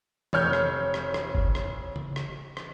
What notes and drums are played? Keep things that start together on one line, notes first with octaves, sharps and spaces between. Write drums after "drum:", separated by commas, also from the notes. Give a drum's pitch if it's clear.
F1 C#5 F6 G6, drum: tom D#3
drum: rim click
drum: rim click
drum: rim click
drum: kick G1
drum: rim click
drum: tom C#3
drum: rim click
drum: rim click